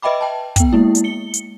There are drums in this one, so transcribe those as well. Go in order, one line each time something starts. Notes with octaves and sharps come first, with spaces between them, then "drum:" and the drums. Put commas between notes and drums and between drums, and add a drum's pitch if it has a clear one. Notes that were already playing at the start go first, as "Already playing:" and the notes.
B4 D#5 E5 G5 B5 D6
G5 A5
B3 G5, drum: kick, hi-hat
G#3 A#3 E4
drum: hi-hat
C#7 G7
drum: hi-hat